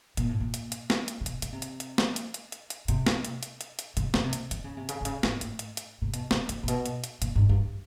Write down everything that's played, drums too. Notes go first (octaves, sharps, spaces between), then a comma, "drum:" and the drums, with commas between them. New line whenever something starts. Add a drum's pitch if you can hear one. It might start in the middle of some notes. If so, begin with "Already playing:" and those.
A#2, drum: hi-hat
A2
A#2
drum: hi-hat
drum: hi-hat
drum: snare
drum: hi-hat
C3
B2, drum: hi-hat
C#3, drum: hi-hat
C3
drum: hi-hat
drum: hi-hat
drum: snare
drum: hi-hat
drum: hi-hat
drum: hi-hat
drum: hi-hat
C3, drum: hi-hat
drum: snare
drum: hi-hat
drum: hi-hat
drum: hi-hat
drum: hi-hat
C3, drum: hi-hat
C#3, drum: snare
C3
drum: hi-hat
D3, drum: hi-hat
C#3
C3
C#3, drum: hi-hat
C3
C#3, drum: hi-hat
A2, drum: snare
A2, drum: hi-hat
drum: hi-hat
drum: hi-hat
C3
B2, drum: hi-hat
C3, drum: snare
C#3, drum: hi-hat
A#2
B2, drum: hi-hat
drum: hi-hat
drum: hi-hat
A#2, drum: hi-hat
G#2
G2